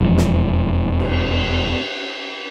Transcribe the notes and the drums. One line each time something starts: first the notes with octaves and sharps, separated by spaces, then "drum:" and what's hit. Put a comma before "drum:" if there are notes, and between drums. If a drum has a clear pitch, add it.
E1 F2 E3 F3
drum: snare
drum: cymbal